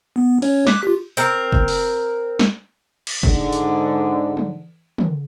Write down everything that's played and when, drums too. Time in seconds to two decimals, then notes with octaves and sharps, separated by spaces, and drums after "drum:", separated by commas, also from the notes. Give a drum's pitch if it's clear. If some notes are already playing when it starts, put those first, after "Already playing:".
0.16 B3
0.42 C#4 C#5, drum: cymbal
0.67 D6 F#6 B6, drum: snare
0.83 F4 G4
1.17 C4 A#4
1.52 drum: kick
1.68 drum: open hi-hat
2.39 drum: snare
3.07 drum: cymbal
3.23 G#2 D3, drum: kick
3.52 drum: hi-hat
4.37 drum: tom
4.98 drum: tom